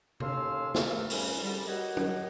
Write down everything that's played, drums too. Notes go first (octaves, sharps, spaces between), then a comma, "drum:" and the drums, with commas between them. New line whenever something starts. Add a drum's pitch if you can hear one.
D#2 C#4 A4 F5 C6 E6, drum: tom C3
drum: snare
G2 C3 E3 A3 A#4
F2 G#2 D#3 G3 C#4, drum: open hi-hat
C2 B2 D3 G3
F#4 G4 A#4 C#5 D#5 F#5
drum: tom